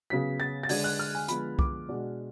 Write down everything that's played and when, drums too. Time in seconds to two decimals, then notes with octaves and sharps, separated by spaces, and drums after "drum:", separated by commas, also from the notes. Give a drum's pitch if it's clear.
0.10 C#3 F#3 B3 B6
0.40 A6
0.63 A6
0.69 D3 G#3 D4 G#6, drum: open hi-hat
0.84 F#6
0.99 F6
1.15 G#5
1.28 D3 F3 G#3 B3 B5, drum: hi-hat
1.59 D6, drum: kick
1.89 B2 G#3 D4